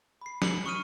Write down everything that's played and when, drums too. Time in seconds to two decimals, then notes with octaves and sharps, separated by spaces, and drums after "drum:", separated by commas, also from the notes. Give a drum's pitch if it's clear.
0.22 B5 C7
0.42 C#7 F#7, drum: snare
0.66 C#6 D#6 F6 D#7